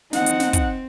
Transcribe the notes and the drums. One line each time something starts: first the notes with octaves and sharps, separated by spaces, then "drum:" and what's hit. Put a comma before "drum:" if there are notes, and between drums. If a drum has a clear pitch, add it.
C4 D#4 F#5, drum: snare
drum: hi-hat
drum: snare
drum: kick, hi-hat